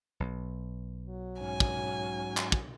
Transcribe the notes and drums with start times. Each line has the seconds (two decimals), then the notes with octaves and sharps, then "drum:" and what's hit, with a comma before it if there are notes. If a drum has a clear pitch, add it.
0.20 B1
1.06 F#3
1.41 G#2 C#4 G#5
1.60 drum: kick
2.37 drum: clap
2.52 drum: kick